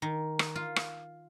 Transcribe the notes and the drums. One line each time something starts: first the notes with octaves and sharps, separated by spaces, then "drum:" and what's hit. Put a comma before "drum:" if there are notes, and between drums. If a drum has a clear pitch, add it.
D#3
drum: rim click
F4
drum: rim click